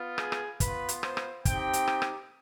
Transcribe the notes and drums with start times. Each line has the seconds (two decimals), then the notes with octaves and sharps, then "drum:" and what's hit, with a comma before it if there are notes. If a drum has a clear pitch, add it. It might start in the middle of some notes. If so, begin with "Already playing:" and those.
Already playing: B3 F4
0.18 G#4, drum: rim click
0.32 drum: rim click
0.60 B3 F4 B4, drum: kick, hi-hat
0.89 drum: hi-hat
1.03 C5, drum: rim click
1.17 drum: rim click
1.45 C4 D#4 G4 G5, drum: kick, hi-hat
1.73 drum: hi-hat
1.88 drum: rim click
2.02 drum: rim click